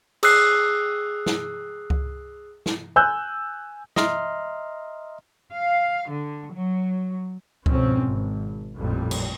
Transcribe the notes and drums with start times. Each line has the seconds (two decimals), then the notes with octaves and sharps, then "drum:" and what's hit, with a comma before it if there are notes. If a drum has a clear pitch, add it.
0.23 G#4 D#6 E6 F#6 C7, drum: cymbal
1.26 drum: snare
1.90 drum: kick C#2
2.66 drum: snare
2.96 G#5 E6 F#6 G6
3.96 D#5 E5 A#5 C6 F6, drum: snare
5.53 F5
6.11 D3
6.54 F#3
7.66 F2 G#2 B2 C4 C#4, drum: kick C#2
8.06 G#1
8.76 A1 F2 A#2 G3
9.11 drum: cymbal